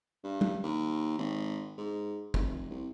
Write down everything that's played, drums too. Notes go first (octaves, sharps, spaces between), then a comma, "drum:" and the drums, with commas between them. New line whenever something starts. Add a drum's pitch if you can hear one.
G2
drum: tom
D#2
G#1
G#2
F1, drum: kick
C2